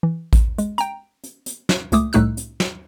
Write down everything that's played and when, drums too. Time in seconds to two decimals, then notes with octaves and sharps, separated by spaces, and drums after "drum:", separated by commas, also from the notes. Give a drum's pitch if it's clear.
0.03 E3
0.33 drum: kick A1, hi-hat
0.58 G#3, drum: hi-hat
0.78 G5 A#5, drum: hi-hat
1.24 drum: hi-hat
1.46 drum: hi-hat
1.69 drum: snare
1.92 C#2 A#2 A3 D6 D#6, drum: hi-hat
2.13 C2 A2 A3 D#4 E6 F#6, drum: hi-hat
2.37 drum: hi-hat
2.60 drum: snare